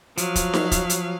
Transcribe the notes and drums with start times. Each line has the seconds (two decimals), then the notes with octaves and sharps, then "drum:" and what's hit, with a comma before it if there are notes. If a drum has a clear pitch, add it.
0.18 F3 F#3 F5, drum: hi-hat
0.36 drum: kick, hi-hat
0.54 drum: snare D#4
0.72 drum: kick, hi-hat
0.90 drum: hi-hat